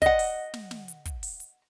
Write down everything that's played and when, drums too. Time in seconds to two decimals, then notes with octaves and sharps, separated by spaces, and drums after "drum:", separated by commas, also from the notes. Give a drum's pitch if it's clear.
0.02 D#5 F#5, drum: kick, hi-hat
0.19 drum: open hi-hat
0.54 drum: snare
0.71 drum: snare
0.88 drum: hi-hat
1.05 drum: kick, hi-hat
1.23 drum: open hi-hat
1.40 drum: hi-hat